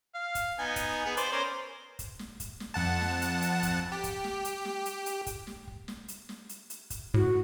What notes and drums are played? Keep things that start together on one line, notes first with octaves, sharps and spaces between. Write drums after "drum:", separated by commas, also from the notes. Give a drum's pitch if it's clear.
F5
drum: kick, hi-hat
B3 D#4 G#5
drum: kick, hi-hat
B3 G#4
B4 C5 D5, drum: hi-hat
C#4 A#4 C5
drum: kick, hi-hat
drum: snare
drum: kick, hi-hat
drum: snare
F2 F#5 A5
drum: snare
drum: hi-hat
drum: hi-hat
drum: kick, hi-hat
G4
drum: kick, hi-hat
drum: snare
drum: hi-hat
drum: snare
drum: hi-hat
drum: hi-hat
drum: kick, hi-hat
drum: snare
drum: kick
drum: snare
drum: hi-hat
drum: snare
drum: hi-hat
drum: hi-hat
drum: kick, hi-hat
A2 F#4